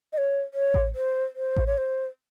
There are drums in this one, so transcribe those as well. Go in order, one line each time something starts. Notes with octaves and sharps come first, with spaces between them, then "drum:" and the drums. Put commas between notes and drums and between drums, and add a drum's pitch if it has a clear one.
D#5
C#5
C#5
drum: kick A1
C5
C5
drum: kick A1
C#5
C5